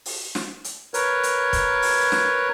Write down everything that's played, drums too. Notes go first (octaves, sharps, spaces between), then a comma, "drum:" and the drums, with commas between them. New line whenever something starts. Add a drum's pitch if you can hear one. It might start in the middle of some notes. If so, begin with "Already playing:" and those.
drum: open hi-hat
drum: snare
drum: hi-hat
A#4 B4 C#5, drum: hi-hat
drum: hi-hat
drum: kick, hi-hat
drum: open hi-hat
drum: snare